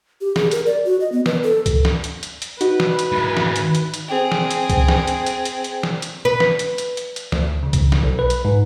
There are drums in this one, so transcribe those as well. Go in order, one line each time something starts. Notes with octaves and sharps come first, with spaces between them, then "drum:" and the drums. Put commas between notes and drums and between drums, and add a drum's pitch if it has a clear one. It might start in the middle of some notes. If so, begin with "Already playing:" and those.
G4
G#4, drum: snare
A#4, drum: hi-hat
D5
F#4
D#5
B3
B4, drum: snare
A4
drum: kick C#2, hi-hat
drum: snare
drum: hi-hat
drum: hi-hat
drum: hi-hat
D#4 F#4 B4, drum: hi-hat
drum: snare
drum: hi-hat
G#2 E3
drum: snare
drum: hi-hat
drum: hi-hat
drum: hi-hat
C4 G#4
drum: snare
drum: hi-hat
drum: kick C#2, hi-hat
drum: snare
drum: hi-hat
drum: hi-hat
drum: hi-hat
drum: hi-hat
drum: snare
drum: hi-hat
B4
drum: snare
drum: hi-hat
drum: hi-hat
drum: hi-hat
drum: hi-hat
D2, drum: snare
C#3
drum: kick C#2, hi-hat
drum: snare
B1
B4
drum: hi-hat
G#2